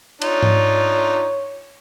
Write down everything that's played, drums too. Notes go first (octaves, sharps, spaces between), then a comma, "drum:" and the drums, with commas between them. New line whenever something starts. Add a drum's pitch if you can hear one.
D4 D#4 F4 C#5, drum: cymbal
drum: tom G#2